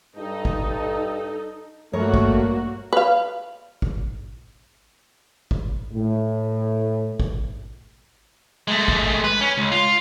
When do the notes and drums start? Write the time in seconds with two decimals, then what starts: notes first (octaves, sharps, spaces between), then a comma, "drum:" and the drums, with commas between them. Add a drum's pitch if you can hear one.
0.17 G2 D#4 A4
0.45 drum: kick G#1
1.93 G2 A3 A#3 F#4 A#4 C#5
2.14 drum: kick G#1
2.93 B4 F5
3.82 drum: kick G#1
5.51 drum: kick G#1
5.93 A2
7.20 drum: kick G#1
8.68 G#3 A3
8.88 drum: kick G#1
9.24 B4
9.41 C#4
9.58 C#2
9.72 F4